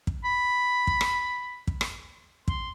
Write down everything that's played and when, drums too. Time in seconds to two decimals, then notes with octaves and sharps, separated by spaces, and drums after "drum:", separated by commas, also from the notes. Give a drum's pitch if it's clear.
0.07 drum: kick
0.25 B5
0.87 drum: kick
1.01 drum: rim click
1.67 drum: kick
1.81 drum: rim click
2.48 C6, drum: kick